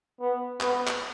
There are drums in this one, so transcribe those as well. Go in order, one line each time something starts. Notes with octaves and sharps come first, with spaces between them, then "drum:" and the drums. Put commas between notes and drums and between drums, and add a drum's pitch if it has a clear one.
B3
B3, drum: clap
drum: clap